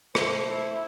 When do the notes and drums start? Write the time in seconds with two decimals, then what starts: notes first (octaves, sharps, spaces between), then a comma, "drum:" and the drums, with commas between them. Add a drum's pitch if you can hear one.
0.15 A3 C5, drum: rim click
0.49 E4